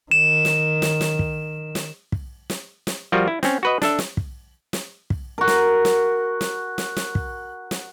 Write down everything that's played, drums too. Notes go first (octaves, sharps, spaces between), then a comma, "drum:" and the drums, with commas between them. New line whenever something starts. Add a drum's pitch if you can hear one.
D#3 E7
drum: snare
drum: snare
drum: snare
drum: kick
drum: snare
drum: kick
drum: snare
drum: snare
F3 G3 F4 F#4 A#4
E4
C4 C#4, drum: snare
F#4 B4 D#5
D4 A4 E5, drum: snare
drum: snare
drum: kick
drum: snare
drum: kick
F#4 A#4
drum: snare
drum: snare
drum: snare
drum: snare
drum: snare
drum: kick
drum: snare